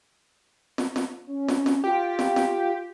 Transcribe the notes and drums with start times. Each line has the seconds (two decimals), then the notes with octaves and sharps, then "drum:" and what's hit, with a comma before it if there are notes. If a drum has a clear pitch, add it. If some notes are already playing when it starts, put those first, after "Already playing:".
0.78 drum: snare
0.96 drum: snare
1.27 C#4
1.49 drum: snare
1.66 drum: snare
1.84 F4 G4
2.19 drum: snare
2.36 drum: snare